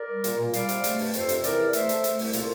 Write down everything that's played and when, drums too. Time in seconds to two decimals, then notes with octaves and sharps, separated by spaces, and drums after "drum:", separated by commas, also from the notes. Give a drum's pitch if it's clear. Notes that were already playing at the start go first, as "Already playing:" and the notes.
Already playing: A#4 D5
0.09 G3
0.24 A#2, drum: hi-hat
0.38 A#2
0.53 G3 D5 F5, drum: hi-hat
0.69 C3, drum: hi-hat
0.84 A3, drum: hi-hat
0.98 G2, drum: open hi-hat
1.14 F2 A4 C5, drum: hi-hat
1.29 C3, drum: hi-hat
1.44 E3 A#4 D5, drum: hi-hat
1.59 E2
1.73 A3 C5 E5, drum: hi-hat
1.89 A3, drum: hi-hat
2.04 A3, drum: hi-hat
2.19 C2, drum: open hi-hat
2.33 A#2 F4 A4, drum: hi-hat